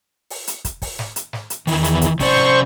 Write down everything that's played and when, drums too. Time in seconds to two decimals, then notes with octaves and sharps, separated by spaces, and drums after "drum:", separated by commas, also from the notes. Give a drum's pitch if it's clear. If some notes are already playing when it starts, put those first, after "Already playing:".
0.30 drum: open hi-hat
0.47 drum: hi-hat
0.65 drum: kick, hi-hat
0.82 drum: kick, open hi-hat
0.99 drum: snare
1.16 drum: hi-hat
1.33 drum: snare
1.50 drum: hi-hat
1.67 E2 D#3 E3, drum: open hi-hat
1.84 drum: hi-hat
2.01 drum: kick, hi-hat
2.20 C3 C#4 C5 D5 C#6, drum: kick, open hi-hat
2.36 drum: snare